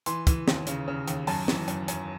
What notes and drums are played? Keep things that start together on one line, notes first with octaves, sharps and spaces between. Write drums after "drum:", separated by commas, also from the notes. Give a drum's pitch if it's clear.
E3 C6, drum: hi-hat
E3, drum: kick, hi-hat
D#2, drum: snare
C#3, drum: hi-hat
C#3
D#2, drum: hi-hat
F#2 A5, drum: open hi-hat
E3, drum: snare
F#2, drum: hi-hat
F#2, drum: hi-hat